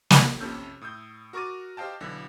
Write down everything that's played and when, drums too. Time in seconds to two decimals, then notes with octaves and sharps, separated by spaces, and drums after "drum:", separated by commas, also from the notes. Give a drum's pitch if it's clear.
0.10 G4, drum: snare
0.40 F2 C3 C#4 A4 E6 G6
0.81 A2 D#6 E6 G6
1.33 F#4 A#4 C#6 D6 A6 D#7
1.77 G4 C5 D#5 F5 G5 A5
2.00 B1 D3 E3